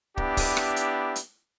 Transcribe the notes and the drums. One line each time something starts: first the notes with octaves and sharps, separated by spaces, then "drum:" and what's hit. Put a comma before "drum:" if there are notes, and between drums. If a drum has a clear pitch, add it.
B3 D4 E4 G4, drum: kick
drum: kick, open hi-hat
drum: rim click
drum: hi-hat
drum: hi-hat